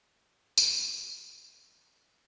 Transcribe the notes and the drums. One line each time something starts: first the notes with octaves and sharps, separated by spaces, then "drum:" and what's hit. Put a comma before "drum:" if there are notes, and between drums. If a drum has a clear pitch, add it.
F4
F5, drum: tambourine
G4
G4
E5
C#5
D#5
D4
C5